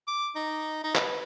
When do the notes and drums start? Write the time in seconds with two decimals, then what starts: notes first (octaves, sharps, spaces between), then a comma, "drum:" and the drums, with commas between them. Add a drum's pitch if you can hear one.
0.07 D6
0.35 D#4
0.84 D#4
0.95 B4, drum: clap